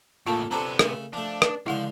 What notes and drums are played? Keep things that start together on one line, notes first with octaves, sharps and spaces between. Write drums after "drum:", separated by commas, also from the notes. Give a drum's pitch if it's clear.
A2 C#3 A#3 F4 A4 A5
C3 B3 C4 D4 A4 A5 A#5
C#3 A3 A#4, drum: rim click
F3 A3 D4
drum: rim click
C#2 D3 F3 E4 F5 F#5 C6